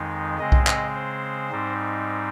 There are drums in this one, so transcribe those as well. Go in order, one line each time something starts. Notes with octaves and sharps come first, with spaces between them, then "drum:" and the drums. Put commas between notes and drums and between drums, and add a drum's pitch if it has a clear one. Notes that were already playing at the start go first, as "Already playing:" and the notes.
Already playing: F2 D#3 G#3 D#4
C#3 G#3 C4 D#5
drum: kick B1
D#5, drum: clap
C5
G#2 G3 C4 D#4